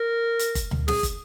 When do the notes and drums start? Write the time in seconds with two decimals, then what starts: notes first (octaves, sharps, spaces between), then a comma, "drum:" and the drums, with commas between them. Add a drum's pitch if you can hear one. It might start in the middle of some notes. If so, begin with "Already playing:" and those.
Already playing: A#4
0.39 drum: hi-hat
0.55 drum: kick, hi-hat
0.71 drum: tom D2
0.88 G#4, drum: snare
1.03 drum: kick, hi-hat